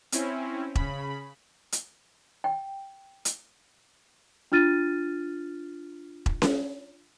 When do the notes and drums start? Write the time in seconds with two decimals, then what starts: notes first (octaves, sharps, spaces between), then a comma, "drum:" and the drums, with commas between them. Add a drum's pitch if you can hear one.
0.12 C4 C#4 E4, drum: hi-hat
0.75 C#3 B5, drum: kick E1
1.72 drum: hi-hat
2.44 G5
3.25 drum: hi-hat
4.52 D4 F4 F6 A6 D#7
6.26 drum: kick E1
6.42 drum: snare C#4